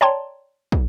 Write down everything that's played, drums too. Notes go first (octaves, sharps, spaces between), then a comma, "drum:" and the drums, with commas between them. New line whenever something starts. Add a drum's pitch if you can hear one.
C#5 D5 G5 A5 A#5 C6
drum: kick